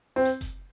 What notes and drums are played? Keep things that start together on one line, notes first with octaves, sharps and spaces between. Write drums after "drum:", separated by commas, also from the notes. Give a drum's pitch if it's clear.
C4
drum: hi-hat
drum: kick F#1, hi-hat